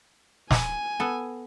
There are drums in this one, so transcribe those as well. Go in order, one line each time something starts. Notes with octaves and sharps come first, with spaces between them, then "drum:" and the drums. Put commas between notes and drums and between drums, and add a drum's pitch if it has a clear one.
G#5, drum: snare
B3 A4